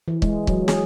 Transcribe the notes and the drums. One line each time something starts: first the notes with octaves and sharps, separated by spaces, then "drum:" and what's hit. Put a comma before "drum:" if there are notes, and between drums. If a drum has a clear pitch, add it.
E3
G#3, drum: kick
F#3, drum: kick
G#4, drum: snare